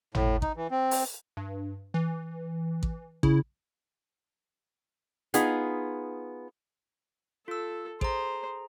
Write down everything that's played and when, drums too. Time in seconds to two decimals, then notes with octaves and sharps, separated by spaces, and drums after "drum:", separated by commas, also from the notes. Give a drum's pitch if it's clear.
0.15 A2, drum: tom G#1
0.42 D#4, drum: kick A1
0.56 E3
0.71 C4
0.91 drum: open hi-hat
1.37 G2
1.94 E3
2.83 drum: kick A1
3.23 C#3 E4, drum: kick A1
5.34 B3 D#4 F4 G#4, drum: hi-hat
7.48 F4 A4 E6
8.01 G#4 C5 A#5, drum: kick A1